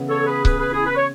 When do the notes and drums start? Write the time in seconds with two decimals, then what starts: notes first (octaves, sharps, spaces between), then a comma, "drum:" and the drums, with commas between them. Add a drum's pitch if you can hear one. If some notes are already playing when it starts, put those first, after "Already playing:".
Already playing: C#3 E3 B3
0.08 A4 C#5
0.19 A4
0.26 G#4 B4
0.45 G#4 B4, drum: kick C#1
0.59 G#4 B4
0.73 E4 G#4
0.86 B4
0.96 C#5